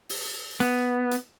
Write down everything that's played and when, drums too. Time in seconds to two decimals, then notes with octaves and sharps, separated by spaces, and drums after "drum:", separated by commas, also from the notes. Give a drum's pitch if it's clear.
0.09 drum: open hi-hat
0.60 B3, drum: hi-hat
1.11 drum: hi-hat